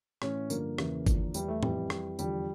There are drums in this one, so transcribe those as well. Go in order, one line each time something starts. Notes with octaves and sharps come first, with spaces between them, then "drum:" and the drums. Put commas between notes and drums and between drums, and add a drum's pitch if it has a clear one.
A2 E3 C#4, drum: rim click
G2 D3 F3 A#3, drum: tambourine
E2 C#3 E3, drum: rim click
E2 D3 F3, drum: kick G1, tambourine
E2 E3 G3, drum: tambourine
A3
F2 E3 G3, drum: tom A2
F2 E3, drum: rim click
E2 D3 F3 G3, drum: tambourine